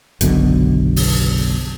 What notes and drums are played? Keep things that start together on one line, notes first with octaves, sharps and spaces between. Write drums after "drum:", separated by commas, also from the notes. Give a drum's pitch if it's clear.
F#1 B1 B2 D3, drum: hi-hat
drum: open hi-hat